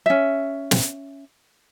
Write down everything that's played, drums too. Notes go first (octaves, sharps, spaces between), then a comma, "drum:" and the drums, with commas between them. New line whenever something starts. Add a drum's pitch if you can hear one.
C#4 E5
drum: snare